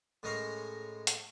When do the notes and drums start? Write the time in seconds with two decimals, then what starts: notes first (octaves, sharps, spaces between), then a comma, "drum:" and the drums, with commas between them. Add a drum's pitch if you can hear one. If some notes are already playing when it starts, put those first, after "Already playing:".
0.23 A2 G#3 C#4 A#4 A#5 C6
1.07 drum: hi-hat